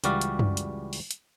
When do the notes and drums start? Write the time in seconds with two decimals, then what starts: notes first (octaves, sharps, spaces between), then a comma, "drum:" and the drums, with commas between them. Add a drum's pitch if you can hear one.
0.04 C#2 E3 G3 F#4 D5 F5, drum: hi-hat
0.21 drum: hi-hat
0.39 drum: tom F#2
0.57 drum: hi-hat
0.93 drum: open hi-hat
1.11 drum: hi-hat